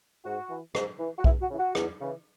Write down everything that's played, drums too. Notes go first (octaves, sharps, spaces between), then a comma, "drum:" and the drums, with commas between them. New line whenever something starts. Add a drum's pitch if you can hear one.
G#2 F#4
E3
G#2, drum: rim click
E3
F#4
E2 E4, drum: kick
F#4
C#3 E3
F#4
E2, drum: rim click
C#3 E3